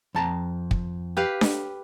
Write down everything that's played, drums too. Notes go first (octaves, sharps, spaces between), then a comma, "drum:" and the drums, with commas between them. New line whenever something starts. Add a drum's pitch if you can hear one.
F2 A5 A#5
drum: kick
G4 B4 F5
drum: snare D4